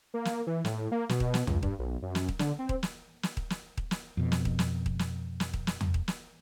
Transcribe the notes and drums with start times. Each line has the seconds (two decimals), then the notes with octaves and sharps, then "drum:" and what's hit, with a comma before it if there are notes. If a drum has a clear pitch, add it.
0.14 A#3
0.25 drum: snare
0.47 E3
0.65 A2, drum: snare
0.92 A#3
1.09 B2, drum: snare
1.20 drum: kick D#1
1.34 drum: snare
1.47 C#2, drum: tom E2
1.63 G2, drum: kick D#1
1.79 B1
2.02 F#2
2.15 drum: snare
2.28 drum: kick D#1
2.39 D3, drum: snare
2.59 C4
2.69 drum: kick D#1
2.83 drum: snare
3.23 drum: snare
3.37 drum: kick D#1
3.50 drum: snare
3.77 drum: kick D#1
3.91 drum: snare
4.17 F2 B2
4.32 drum: snare
4.45 drum: kick D#1
4.59 drum: snare
4.86 drum: kick D#1
4.99 drum: snare
5.40 drum: snare
5.54 drum: kick D#1
5.67 drum: snare
5.81 drum: tom E2
5.94 drum: kick D#1
6.08 drum: snare